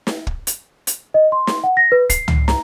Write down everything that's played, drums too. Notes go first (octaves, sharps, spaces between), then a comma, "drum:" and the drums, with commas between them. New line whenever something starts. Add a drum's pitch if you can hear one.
drum: snare
drum: kick
drum: hi-hat
drum: hi-hat
D#5
C6
drum: snare
F#5
A#6
B4
C7, drum: kick, hi-hat
drum: tom C#2
A#5, drum: snare